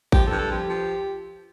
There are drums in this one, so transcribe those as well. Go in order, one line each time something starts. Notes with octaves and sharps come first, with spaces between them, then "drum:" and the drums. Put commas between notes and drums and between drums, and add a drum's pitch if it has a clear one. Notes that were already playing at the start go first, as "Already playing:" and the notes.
F3 G4, drum: kick A1
A4
G2
A4
F3 G4
F3